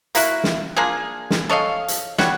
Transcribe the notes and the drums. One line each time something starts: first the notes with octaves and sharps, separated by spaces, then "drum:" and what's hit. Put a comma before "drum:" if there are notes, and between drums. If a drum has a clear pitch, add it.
A#3 E4 F#4, drum: hi-hat
drum: snare
A#3 D4 F4 G#4
drum: snare
A4 C#5 D#5 F5
drum: hi-hat
G3 F#4 C#5, drum: snare